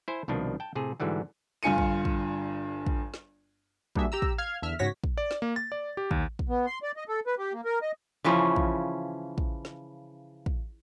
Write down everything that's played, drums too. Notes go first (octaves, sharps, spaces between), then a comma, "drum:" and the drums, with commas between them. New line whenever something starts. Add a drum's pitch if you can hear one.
E4 C5 G#5
C2 B2 D#3 F3 D4
G5 A5
A2 C3 G#4
G#2 D3 E3 F#3 G3
G1 G2 F4 G#5 C#7 D#7
drum: kick
drum: kick
drum: kick
drum: snare
G3 A#3 D4 F#4 G#4 E5, drum: kick
G4 A#5 E6
drum: kick
F5 F6 G#6
E2 D3 E5 F6
G#2 C#3 F#4 C#5 A#6 B6
drum: kick
D5
drum: snare
A#3
A6
D5
G4
D#2, drum: kick
drum: kick
B3
C6
D5
D#5
A4
B4
G4
A#3
A#4
D#5
C#3 E3 F3 C#4
drum: kick
drum: kick
drum: snare
drum: kick